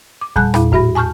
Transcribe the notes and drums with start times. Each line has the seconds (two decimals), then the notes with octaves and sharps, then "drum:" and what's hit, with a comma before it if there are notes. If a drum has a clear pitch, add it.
0.21 D6
0.36 A#2 G3 G#5 A5 F#6, drum: kick E2
0.54 E2 A#2 E4, drum: rim click
0.72 A2 F#4 E5 B5 A#6, drum: kick E2
0.95 G#5 A5 C#6 F6 G6